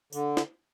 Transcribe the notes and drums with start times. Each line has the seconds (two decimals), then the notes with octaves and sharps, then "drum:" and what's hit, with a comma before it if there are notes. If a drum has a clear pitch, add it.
0.13 D3, drum: tambourine
0.37 drum: snare